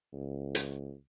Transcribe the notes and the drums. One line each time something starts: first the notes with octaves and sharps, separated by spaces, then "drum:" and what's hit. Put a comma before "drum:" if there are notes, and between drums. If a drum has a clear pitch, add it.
C#2
drum: hi-hat